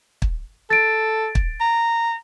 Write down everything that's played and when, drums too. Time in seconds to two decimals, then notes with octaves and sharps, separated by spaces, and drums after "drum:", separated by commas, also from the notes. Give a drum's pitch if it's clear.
0.22 drum: kick
0.70 A4 A6 D7
1.35 drum: kick
1.61 A#5